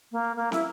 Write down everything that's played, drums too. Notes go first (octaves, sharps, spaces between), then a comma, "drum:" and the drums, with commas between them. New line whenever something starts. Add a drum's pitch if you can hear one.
A#3
A#3
E4, drum: snare